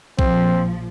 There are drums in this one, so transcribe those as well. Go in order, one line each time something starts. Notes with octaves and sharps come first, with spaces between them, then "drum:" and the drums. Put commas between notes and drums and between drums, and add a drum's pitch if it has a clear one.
A#1 F3 C4, drum: kick